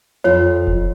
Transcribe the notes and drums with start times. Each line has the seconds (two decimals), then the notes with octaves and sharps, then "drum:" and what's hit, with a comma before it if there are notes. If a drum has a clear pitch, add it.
0.24 F2 F4 C#5 F5
0.67 drum: kick F1